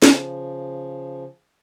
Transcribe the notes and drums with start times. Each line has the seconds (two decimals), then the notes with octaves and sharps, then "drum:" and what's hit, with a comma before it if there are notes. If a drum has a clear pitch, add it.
0.02 C#3 F3, drum: snare